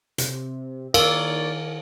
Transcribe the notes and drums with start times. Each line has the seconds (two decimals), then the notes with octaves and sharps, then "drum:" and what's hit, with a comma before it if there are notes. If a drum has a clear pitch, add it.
0.18 C3, drum: hi-hat
0.94 D#3 A#3 A#4 C#5 D5 F5, drum: cymbal